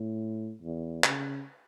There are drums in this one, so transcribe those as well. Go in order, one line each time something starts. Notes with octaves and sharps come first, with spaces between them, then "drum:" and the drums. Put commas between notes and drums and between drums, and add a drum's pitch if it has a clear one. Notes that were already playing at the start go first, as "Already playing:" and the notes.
Already playing: A2
E2
C#3, drum: clap